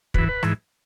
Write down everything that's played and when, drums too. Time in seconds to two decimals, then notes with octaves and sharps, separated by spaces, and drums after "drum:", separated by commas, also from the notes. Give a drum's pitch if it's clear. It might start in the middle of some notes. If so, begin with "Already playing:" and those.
0.14 F#2 E3 B4, drum: kick
0.29 B4
0.43 G#2 E3, drum: rim click